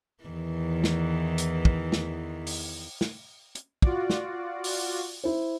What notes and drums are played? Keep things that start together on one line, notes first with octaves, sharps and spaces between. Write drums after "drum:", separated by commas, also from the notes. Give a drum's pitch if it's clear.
E2 D#3 E3
drum: snare
drum: hi-hat
drum: kick
drum: snare
drum: open hi-hat
drum: snare
drum: hi-hat
F4 F#4 D5, drum: kick
drum: snare
drum: open hi-hat
E4 C5